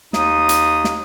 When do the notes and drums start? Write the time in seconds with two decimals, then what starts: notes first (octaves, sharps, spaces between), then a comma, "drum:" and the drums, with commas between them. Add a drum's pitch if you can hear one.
0.13 D#2 D#4 D#6, drum: snare
0.49 drum: hi-hat
0.84 drum: snare